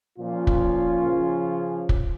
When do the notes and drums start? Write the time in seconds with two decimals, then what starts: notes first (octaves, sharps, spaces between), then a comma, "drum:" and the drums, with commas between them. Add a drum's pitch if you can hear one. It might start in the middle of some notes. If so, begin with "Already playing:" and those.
0.18 A#2 F3 C#4 F4
0.47 drum: kick
1.04 C#3 F3
1.89 drum: kick